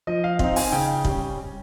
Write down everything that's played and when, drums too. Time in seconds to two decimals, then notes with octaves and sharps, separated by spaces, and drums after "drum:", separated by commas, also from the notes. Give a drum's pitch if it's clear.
0.07 F3 D#5
0.24 F5
0.39 C4 D#4 F5, drum: kick
0.56 G#5, drum: open hi-hat
0.72 C#3 G5
1.05 G3 C#4 G5, drum: kick